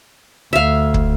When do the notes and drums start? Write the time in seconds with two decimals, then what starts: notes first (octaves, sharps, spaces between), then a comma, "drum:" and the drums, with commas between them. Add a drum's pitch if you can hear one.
0.53 D2 E5 F5
0.94 drum: kick